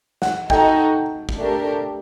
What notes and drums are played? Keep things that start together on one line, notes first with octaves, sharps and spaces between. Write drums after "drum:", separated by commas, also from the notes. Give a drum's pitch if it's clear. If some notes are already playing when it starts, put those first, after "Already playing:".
F#5, drum: snare
D#4 F#4 A4 G5, drum: kick
drum: kick
A3 D4 G4 A#4